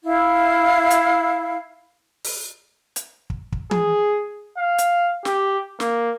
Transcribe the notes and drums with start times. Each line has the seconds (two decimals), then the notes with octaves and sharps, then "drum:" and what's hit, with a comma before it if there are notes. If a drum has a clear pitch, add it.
0.04 E4 F5
0.90 drum: hi-hat
2.25 drum: open hi-hat
2.96 drum: hi-hat
3.30 drum: kick
3.52 drum: kick
3.71 G#4, drum: tom E3
4.58 F5
4.78 drum: hi-hat
5.25 G4, drum: snare
5.80 A#3, drum: snare